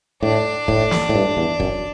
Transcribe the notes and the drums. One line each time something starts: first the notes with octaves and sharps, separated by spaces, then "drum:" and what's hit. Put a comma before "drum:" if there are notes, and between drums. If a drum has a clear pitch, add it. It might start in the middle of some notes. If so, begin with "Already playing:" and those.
A2 D4
A2, drum: kick
drum: snare
A2
G2
E2
F#2, drum: kick